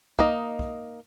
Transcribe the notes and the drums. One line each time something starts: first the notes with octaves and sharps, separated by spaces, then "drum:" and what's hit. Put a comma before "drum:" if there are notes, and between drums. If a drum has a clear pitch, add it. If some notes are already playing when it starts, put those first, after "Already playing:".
A#3 D#4 D#5, drum: kick
drum: kick